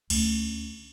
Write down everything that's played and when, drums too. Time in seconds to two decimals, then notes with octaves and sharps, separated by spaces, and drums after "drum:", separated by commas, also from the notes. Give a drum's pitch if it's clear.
0.10 D2 C#4, drum: cymbal